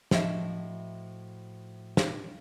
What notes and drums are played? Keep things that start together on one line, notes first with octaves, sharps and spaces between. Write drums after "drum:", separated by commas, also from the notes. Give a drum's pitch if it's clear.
A2 F3 F#4 D#5 E5, drum: snare
drum: snare